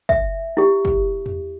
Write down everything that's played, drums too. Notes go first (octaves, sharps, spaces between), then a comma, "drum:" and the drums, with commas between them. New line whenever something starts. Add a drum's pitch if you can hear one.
E5, drum: kick
E4 G4
drum: kick
drum: tom E2